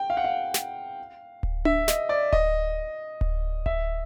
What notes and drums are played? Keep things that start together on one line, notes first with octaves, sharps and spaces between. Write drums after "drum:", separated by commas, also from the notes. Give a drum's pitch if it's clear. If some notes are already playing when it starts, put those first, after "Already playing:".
Already playing: G5
F5
F#5
F5
drum: snare
drum: kick D1
E5, drum: tom D4
D#5, drum: snare
D5
D#5, drum: kick D1
drum: kick D1
E5, drum: kick D1